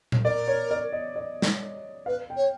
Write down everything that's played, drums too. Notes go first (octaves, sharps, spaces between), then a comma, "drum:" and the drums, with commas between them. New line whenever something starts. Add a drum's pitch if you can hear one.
drum: tom A#2
A#4 D5
C#5
D5
D#5
D5
drum: snare
B4 F5
G5
C#5